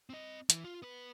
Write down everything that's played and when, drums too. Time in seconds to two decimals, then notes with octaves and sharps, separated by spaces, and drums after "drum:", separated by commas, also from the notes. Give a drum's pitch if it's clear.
0.10 C4 D#5
0.50 E3, drum: hi-hat
0.64 F4
0.82 B3 B4